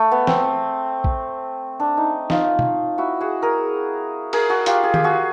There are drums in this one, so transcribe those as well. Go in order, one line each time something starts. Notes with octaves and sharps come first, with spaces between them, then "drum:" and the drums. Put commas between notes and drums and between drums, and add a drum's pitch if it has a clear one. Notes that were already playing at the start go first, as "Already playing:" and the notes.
Already playing: A3
B3
C4, drum: snare
drum: kick
D4
D#4
D#4 F4, drum: snare
drum: tom
E4 F#4
F#4 G#4
G#4 A#4
G#4 A#4, drum: cymbal
F#4 G#4
F4 G4, drum: hi-hat
G#4
G4, drum: tom
F#4 G#4